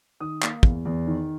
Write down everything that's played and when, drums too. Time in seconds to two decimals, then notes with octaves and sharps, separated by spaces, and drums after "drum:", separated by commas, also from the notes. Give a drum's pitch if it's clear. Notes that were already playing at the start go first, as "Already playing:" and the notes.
0.20 D#3 D#6
0.43 A#3, drum: clap
0.63 E2, drum: kick
0.85 E2
1.07 D#3